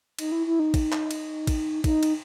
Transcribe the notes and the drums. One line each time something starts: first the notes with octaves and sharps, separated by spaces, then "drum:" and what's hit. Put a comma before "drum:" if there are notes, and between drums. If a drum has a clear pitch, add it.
D#4, drum: cymbal
E4
E4
D#4
drum: kick, cymbal
drum: clap
drum: cymbal
drum: kick, cymbal
D#4, drum: kick, cymbal
drum: cymbal